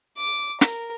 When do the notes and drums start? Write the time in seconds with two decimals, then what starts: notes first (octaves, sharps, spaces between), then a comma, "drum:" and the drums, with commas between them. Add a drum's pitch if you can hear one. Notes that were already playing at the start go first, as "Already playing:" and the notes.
0.18 D6
0.61 A#4, drum: snare